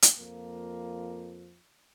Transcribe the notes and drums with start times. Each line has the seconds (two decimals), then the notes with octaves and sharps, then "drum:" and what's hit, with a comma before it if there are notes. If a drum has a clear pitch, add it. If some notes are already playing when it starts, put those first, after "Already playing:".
0.02 drum: hi-hat
0.18 F2 F3 A#3